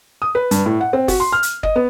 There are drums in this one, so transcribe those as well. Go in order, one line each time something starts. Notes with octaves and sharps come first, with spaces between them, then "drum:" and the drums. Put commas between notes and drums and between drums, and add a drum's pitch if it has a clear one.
D#6
B4
G2, drum: hi-hat
A2
F#5
C4
F#4, drum: kick, open hi-hat
C6
F6
drum: hi-hat
D#5, drum: kick
B3